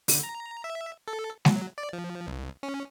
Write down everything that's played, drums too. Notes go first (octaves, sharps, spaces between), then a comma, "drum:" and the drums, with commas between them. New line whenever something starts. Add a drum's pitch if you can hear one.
D3, drum: open hi-hat
A#5
E5
A4
F#3, drum: snare G#3
D5
F3
C2
C#4